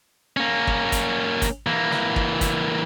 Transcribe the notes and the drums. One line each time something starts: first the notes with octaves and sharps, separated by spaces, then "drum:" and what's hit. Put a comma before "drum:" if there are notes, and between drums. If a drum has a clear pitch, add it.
A#3 C#4
drum: kick
drum: kick, hi-hat
drum: kick, hi-hat
E3 A#3
drum: snare
drum: kick
drum: kick, hi-hat